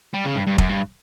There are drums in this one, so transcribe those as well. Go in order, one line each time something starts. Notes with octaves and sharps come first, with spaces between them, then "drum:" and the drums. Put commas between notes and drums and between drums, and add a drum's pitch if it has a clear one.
G3
C#3
G2
G2
F#2, drum: kick F1
G2